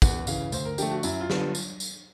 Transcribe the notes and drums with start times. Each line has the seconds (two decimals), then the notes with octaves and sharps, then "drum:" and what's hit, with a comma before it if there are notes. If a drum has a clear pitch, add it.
0.02 E2 F#5, drum: kick, tambourine
0.27 C#3 E3 F5, drum: tambourine
0.52 D2 C5, drum: tambourine
0.65 A#4
0.78 D3 F3 A3 G4, drum: tambourine
0.91 F#4
1.03 F#2 E4, drum: tambourine
1.21 F4
1.30 D3 G3 B3, drum: snare
1.38 F4
1.55 drum: tambourine
1.80 drum: tambourine